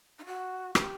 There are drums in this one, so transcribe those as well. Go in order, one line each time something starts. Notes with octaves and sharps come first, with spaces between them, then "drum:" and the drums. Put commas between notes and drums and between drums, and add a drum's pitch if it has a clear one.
D#4
F#4
G4, drum: rim click